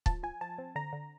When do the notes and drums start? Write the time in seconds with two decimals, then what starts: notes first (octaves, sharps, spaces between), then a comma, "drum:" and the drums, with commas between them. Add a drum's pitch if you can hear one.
0.06 F3 A5, drum: kick
0.23 F3 G#5
0.41 F3 A5
0.58 C4
0.75 D3 A#5
0.93 D3